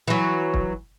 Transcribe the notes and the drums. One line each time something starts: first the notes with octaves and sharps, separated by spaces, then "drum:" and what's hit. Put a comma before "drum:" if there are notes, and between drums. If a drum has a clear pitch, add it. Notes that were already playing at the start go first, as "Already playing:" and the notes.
E3 F#3
drum: kick